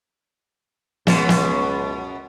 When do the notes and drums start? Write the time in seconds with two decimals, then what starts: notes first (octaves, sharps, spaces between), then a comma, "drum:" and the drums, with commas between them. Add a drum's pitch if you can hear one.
1.07 C#2 F#2 B2, drum: snare
1.29 drum: snare